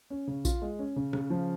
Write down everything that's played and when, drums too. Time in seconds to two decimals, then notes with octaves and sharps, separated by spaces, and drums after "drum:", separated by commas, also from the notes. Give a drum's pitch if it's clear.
0.10 C#4
0.28 C#3
0.45 F4, drum: kick A#1, tambourine
0.62 G#3
0.79 C#4
0.96 C#3
1.13 C#3, drum: rim click
1.30 F3